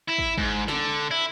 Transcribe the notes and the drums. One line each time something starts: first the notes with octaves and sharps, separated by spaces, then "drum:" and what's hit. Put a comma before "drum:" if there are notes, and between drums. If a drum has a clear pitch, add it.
E4
drum: kick
G#2, drum: kick
D3, drum: snare
E4